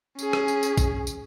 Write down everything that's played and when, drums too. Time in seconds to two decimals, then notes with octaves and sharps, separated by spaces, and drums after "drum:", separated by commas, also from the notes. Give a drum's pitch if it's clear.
0.19 C#4 G#4, drum: tambourine
0.33 drum: rim click
0.48 drum: tambourine
0.63 drum: tambourine
0.77 drum: kick A#1, tambourine
1.07 drum: tambourine